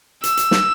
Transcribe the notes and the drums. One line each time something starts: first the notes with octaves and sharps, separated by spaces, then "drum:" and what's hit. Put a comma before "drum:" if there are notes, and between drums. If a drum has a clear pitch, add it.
E6, drum: hi-hat
drum: hi-hat
drum: snare